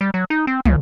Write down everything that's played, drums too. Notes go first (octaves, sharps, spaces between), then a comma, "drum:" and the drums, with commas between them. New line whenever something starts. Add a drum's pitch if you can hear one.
G3
F#3
D#4
C4
C#2, drum: tom